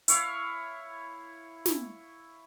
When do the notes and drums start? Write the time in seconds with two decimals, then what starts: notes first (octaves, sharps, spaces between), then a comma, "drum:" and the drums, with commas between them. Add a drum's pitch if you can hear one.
0.08 E4 C#5 F5, drum: hi-hat
1.66 drum: snare